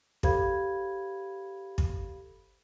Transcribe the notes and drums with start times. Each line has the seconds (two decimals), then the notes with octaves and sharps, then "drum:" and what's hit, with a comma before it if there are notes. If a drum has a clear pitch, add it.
0.23 G4 A4 C5 F5 B5 G#6, drum: kick
1.78 drum: kick